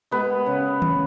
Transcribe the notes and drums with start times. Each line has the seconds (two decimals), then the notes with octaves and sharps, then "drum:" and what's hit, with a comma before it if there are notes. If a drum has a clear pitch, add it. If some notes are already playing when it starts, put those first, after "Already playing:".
0.11 G#3 B3 B4
0.46 C#3
0.82 drum: tom D#3